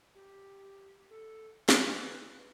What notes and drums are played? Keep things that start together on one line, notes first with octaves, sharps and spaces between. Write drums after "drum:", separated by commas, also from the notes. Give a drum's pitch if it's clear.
G4
A4
B4, drum: snare